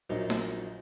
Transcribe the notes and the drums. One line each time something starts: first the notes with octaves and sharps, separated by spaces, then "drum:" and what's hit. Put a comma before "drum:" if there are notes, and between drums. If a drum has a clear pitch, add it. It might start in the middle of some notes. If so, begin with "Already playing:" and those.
A#1 F#3 A#3 D#4
drum: snare D#4